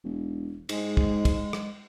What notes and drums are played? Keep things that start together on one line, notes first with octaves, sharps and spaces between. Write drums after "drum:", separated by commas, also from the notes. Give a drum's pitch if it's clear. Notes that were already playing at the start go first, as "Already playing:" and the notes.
E1
G#2 G#3, drum: cymbal
drum: kick
drum: kick, cymbal
drum: rim click